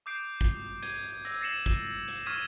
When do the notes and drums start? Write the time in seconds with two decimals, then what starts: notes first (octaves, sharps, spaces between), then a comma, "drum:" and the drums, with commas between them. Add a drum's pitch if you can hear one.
0.06 D6 D#6 G6 C7 D7
0.41 drum: kick G#1
0.83 G#6 D#7, drum: hi-hat
1.25 E6 A#6, drum: hi-hat
1.40 A6 A#6 C7 C#7 E7 F#7
1.66 drum: kick G#1, hi-hat
2.08 drum: hi-hat
2.26 C#6 D#6 F6 G#6 B6 D#7